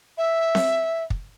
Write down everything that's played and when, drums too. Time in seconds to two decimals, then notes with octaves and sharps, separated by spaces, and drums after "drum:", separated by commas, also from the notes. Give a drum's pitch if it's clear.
0.18 E5
0.55 drum: snare C4
1.10 drum: kick